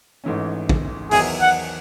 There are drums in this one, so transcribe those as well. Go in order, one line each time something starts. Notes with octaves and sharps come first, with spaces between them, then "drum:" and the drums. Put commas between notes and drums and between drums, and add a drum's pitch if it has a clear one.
G#1 G#2 E3 A3 C#4
drum: kick
E2 D#3 F#3 B3 E4 G#4, drum: open hi-hat
F#5